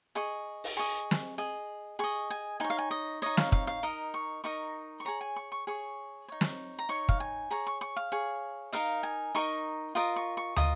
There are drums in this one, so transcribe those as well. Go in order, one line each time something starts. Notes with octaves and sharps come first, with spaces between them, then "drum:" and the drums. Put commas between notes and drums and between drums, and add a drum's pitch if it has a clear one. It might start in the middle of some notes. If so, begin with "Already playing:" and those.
G#4 D#5 C#6, drum: hi-hat
drum: open hi-hat
G#4 D#5 C#6
drum: snare
G#4 D#5
G#4 D#5 C#6
G#5
D#4 C#5 G#5
F5
G#5
D#5
D#4 C#5 D#5
F5, drum: snare
F5, drum: kick
F5
D#4 A#4 D#5
C#6
D#4 A#4 D#5 C#6
C#6
G#4 C#5 A#5
G#5
C#6
C#6
G#4 C#5 C#6
D#4 C#5
drum: snare
A#5
D#4 C#5 C#6
F5, drum: kick
G#5
G#4 C#5 A#5
C#6
C#6
F5
G#4 C#5
D#4 A#4 D#5 F5
G#5
D#4 A#4 D#5 C#6
F4 A#4 D#5 D#6
C#6
C#6
F4 A#4 D#5 D#6, drum: tom